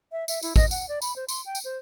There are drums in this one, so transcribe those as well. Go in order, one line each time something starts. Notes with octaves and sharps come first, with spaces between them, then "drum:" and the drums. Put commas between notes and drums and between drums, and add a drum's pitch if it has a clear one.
E5
E5, drum: tambourine
E4, drum: tambourine
D#5, drum: kick, tambourine
F#5, drum: tambourine
D5
B5, drum: tambourine
C5
C6, drum: tambourine
G5
drum: tambourine
C5